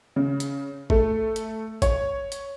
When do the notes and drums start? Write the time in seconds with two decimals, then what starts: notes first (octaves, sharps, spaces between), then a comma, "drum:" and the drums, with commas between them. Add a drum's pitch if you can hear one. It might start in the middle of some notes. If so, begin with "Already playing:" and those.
0.16 C#3
0.40 drum: hi-hat
0.90 A3, drum: kick G1
1.36 drum: hi-hat
1.82 C#5, drum: kick G1, hi-hat
2.32 drum: hi-hat